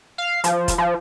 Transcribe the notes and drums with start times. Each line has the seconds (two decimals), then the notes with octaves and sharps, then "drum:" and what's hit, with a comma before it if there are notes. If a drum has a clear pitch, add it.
0.18 F5
0.44 F3, drum: hi-hat
0.68 drum: kick, hi-hat
0.78 F3